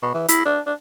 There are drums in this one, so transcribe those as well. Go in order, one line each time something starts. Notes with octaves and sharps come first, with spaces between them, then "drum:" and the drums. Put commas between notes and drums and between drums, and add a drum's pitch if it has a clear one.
B2
E3
E4, drum: hi-hat
D4
D4